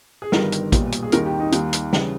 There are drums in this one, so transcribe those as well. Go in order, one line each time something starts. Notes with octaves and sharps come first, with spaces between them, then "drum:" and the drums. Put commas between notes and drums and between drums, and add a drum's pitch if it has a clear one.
G#4
G1 G2 D#3 G3 A#4, drum: snare
drum: hi-hat
B1 A#2 G3, drum: kick A1, hi-hat
drum: hi-hat
G#4
D#2 D#3 G3 A#4, drum: hi-hat
G4
D#4
D#2 D#3 G3, drum: hi-hat
drum: hi-hat
C#3 E3 G3, drum: snare